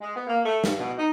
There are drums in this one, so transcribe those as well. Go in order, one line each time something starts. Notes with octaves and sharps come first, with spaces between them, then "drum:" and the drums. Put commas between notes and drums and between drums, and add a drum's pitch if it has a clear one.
G#3
B3
A#3
A3
G2, drum: snare
B2
D#4